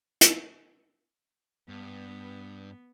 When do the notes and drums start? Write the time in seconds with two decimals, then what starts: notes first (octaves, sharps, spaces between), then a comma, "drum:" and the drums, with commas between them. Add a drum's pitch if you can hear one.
0.21 drum: hi-hat
1.69 G2 B3